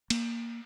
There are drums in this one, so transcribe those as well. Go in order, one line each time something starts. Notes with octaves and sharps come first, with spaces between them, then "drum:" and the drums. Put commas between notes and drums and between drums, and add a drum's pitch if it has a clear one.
A#3, drum: cymbal